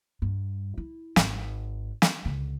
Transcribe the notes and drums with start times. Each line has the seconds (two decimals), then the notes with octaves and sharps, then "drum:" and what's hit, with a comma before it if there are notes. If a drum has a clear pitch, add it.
0.22 G2
0.78 E4
1.16 G#1, drum: snare
2.02 drum: snare
2.25 C#2 D3